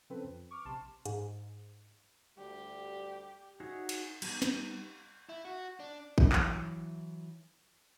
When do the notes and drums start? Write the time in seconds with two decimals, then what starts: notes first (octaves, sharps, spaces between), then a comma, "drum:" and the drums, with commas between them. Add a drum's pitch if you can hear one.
0.10 C#3 F3 C4 A4 B4
0.24 F2
0.51 C#6 D6 F6
0.65 A#1 C3 A5 C6 E7
1.06 G#2, drum: hi-hat
2.38 D2 G3 G4 D5
3.60 D#4 F#4 G#4 C#5 E5
3.89 drum: cymbal
4.22 G3 B3 D#4, drum: cymbal
4.42 drum: snare
5.29 E4
5.45 F#4
5.80 D4
6.18 E3 F#3 E4, drum: kick A1
6.32 drum: clap